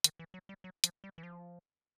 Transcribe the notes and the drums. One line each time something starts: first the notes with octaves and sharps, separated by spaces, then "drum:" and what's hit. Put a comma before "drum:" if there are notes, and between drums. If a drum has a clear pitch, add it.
D#3, drum: hi-hat
E3
F#3
G3
F#3
F3, drum: hi-hat
G3
E3
F3